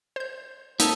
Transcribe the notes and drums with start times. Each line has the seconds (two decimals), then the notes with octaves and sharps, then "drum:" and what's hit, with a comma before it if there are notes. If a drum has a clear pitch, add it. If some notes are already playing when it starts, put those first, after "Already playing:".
0.16 C5 G6
0.80 A#3 D#4 A4 D#6, drum: hi-hat